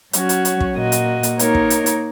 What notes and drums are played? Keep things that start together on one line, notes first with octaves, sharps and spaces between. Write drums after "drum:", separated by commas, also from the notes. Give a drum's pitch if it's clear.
F#3 C#4 F#4 C#5, drum: hi-hat
drum: hi-hat
drum: hi-hat
drum: kick
A#2 A#3 F#4 D#5
drum: hi-hat
drum: hi-hat
A#3 D#4 A#4 C#5, drum: hi-hat
drum: kick
drum: hi-hat
drum: hi-hat